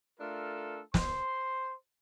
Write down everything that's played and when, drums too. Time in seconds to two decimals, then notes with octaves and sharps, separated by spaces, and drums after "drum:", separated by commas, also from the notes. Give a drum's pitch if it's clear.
0.19 A3 D4 F4 A4 A#4
0.94 C5 C6, drum: snare